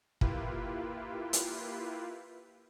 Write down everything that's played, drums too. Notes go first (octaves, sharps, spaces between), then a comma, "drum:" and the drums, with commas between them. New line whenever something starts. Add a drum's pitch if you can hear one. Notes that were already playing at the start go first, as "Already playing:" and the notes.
A#3 E4 F4 G4 B4, drum: kick
drum: hi-hat